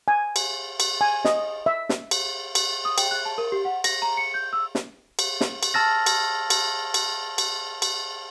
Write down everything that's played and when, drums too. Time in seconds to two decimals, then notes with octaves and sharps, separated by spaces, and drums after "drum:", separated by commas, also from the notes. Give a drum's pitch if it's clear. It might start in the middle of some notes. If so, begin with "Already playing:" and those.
0.08 G#5
0.36 drum: cymbal
0.80 drum: cymbal
1.01 G#5
1.25 D#5, drum: snare
1.66 E5
1.89 drum: snare
2.11 drum: cymbal
2.55 drum: cymbal
2.85 D#6
2.98 G5, drum: cymbal
3.11 F#6
3.25 A5
3.38 A#4
3.52 G4
3.65 F#5
3.84 A#6, drum: cymbal
4.02 A#5
4.17 C#7
4.34 G6
4.53 E6
4.75 drum: snare
5.19 drum: cymbal
5.41 drum: snare
5.63 drum: cymbal
5.74 A5 E6 F6 A6 A#6
6.06 drum: cymbal
6.50 drum: cymbal
6.94 drum: cymbal
7.38 drum: cymbal
7.82 drum: cymbal